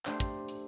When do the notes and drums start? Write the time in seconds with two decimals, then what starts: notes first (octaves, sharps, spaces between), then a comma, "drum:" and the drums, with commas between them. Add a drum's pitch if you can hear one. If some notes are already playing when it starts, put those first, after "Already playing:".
0.06 A3 D4 G4 C5, drum: clap
0.20 drum: kick, hi-hat
0.49 drum: hi-hat